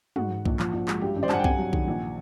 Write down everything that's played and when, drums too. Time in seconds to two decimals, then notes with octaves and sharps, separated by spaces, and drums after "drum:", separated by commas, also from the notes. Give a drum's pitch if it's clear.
0.16 G#2 F#4, drum: tom
0.31 G#2
0.45 A#1, drum: kick B1
0.59 F3, drum: clap
0.74 A#1
0.88 G#3, drum: clap
1.01 G2 G4
1.16 A1
1.23 C5 D5
1.29 G2 F#5 G#5 A5, drum: clap
1.39 G5
1.44 C3 F#5 G#5, drum: kick B1
1.58 F#3
1.73 D#3, drum: kick B1
1.88 A#1